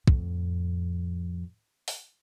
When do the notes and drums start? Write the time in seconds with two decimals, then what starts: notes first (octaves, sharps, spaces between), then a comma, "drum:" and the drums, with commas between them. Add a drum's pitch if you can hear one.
0.08 F2 A2, drum: kick
1.88 drum: open hi-hat